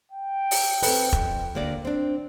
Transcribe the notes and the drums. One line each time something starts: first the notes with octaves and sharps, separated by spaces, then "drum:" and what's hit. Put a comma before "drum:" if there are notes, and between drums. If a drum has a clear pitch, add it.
G5
drum: open hi-hat
C4 A4 B4, drum: open hi-hat
F2, drum: kick E1
D2 A#3 D5
C4 D4